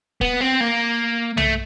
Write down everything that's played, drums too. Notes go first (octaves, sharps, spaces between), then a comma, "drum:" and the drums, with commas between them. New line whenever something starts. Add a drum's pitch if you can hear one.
B3, drum: kick
C4
A#3
A3, drum: tom B1